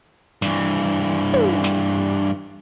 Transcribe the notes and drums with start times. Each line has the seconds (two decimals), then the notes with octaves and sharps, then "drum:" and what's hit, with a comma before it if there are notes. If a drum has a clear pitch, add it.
0.42 G2 E3, drum: snare
1.34 drum: tom
1.64 drum: snare